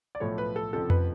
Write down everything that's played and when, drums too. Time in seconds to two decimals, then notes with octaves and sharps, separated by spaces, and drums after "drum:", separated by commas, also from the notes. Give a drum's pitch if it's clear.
0.15 D5
0.20 B1 A2 F3 A3 C#5
0.38 B4
0.56 A4
0.73 F1 F2 C#3 F3 A4
0.90 B4, drum: tom F2